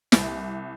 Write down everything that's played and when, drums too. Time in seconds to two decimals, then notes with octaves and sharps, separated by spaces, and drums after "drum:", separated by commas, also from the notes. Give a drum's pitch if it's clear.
0.12 C2, drum: snare